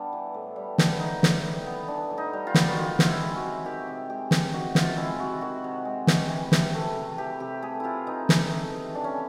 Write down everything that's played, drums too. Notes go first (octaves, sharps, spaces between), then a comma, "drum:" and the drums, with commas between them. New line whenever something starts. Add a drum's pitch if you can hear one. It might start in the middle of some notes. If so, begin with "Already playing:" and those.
Already playing: G3 B3 D4
E3
A2
G3
B3, drum: snare
E3 D#4
A2, drum: snare
G3
B3
E3 D4
A2
D#4
G3
F4
B3, drum: snare
F#4
D#3 F4
C3, drum: snare
E4
G#3
F#4
C3
D#3 G4
C3
G#3 G4
C3, drum: snare
D#3 F#4
C3 F4, drum: snare
G#3 E4
C3 F#4
D#3 F#4
C3
G#3
C3, drum: snare
E3
C3, drum: snare
A3
C3
E3 G4
C3 G4
A3 G#4
C3 E4 F4
E3 D#4
C3, drum: snare
A3
C3
E3 D4
C#4